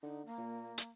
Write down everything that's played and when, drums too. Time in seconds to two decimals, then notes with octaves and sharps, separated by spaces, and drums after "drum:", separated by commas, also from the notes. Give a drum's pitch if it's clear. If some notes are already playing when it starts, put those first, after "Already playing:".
0.02 D3 D#4
0.25 A#3
0.38 A#2
0.78 drum: hi-hat